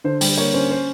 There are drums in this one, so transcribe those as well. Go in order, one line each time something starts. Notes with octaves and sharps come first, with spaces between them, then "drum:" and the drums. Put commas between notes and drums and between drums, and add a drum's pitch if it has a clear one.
D3 C5
G3, drum: open hi-hat
A#3 C#5
C#4 C5
C5